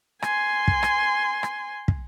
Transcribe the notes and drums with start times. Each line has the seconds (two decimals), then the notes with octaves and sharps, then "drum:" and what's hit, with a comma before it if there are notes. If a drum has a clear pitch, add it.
0.22 G#5 C6, drum: rim click
0.68 drum: kick
0.83 drum: rim click
1.43 drum: rim click
1.88 drum: kick